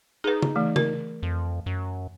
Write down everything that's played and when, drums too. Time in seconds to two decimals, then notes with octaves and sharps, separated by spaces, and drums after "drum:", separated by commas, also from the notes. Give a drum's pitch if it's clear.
0.24 D#4 G#4 B4
0.42 drum: tom
0.56 E3 A3
0.76 A#4, drum: tom
1.23 F2
1.66 F#2